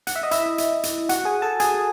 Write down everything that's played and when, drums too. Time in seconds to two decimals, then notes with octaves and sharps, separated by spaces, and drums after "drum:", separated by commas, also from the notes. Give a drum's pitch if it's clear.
0.07 F#5, drum: hi-hat
0.16 E5
0.23 D#5
0.31 E4 E5, drum: hi-hat
0.58 drum: hi-hat
0.83 drum: hi-hat
1.09 F#4 F#5, drum: hi-hat
1.25 G#4 G#5
1.42 A4 A5
1.60 G#4 G#5, drum: hi-hat